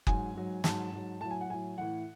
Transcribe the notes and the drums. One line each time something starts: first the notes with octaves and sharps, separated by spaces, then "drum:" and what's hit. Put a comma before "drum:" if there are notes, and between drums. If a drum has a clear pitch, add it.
G#2 F#3 G#5, drum: kick F#1
G#2 F#3
G#2 F#3 A5, drum: snare
G#2 F#3
A2 F#3 A5
G#5
F#5
A2 F#3 G#5
A2 E3 F#5